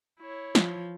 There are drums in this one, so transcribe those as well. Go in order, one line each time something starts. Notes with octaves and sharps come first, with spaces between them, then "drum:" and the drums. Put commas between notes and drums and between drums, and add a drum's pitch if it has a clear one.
E4 C#5
F3, drum: snare